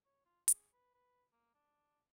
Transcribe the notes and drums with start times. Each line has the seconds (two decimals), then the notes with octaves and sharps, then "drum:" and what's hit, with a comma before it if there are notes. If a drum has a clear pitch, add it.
0.05 C#5
0.26 F4
0.48 G#4, drum: hi-hat
0.73 B4
0.94 B4
1.32 A#3
1.54 D4